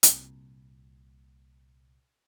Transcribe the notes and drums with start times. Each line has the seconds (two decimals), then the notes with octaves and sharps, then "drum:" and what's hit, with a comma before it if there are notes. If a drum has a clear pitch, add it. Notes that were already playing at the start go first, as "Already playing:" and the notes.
0.03 C2 A#2, drum: hi-hat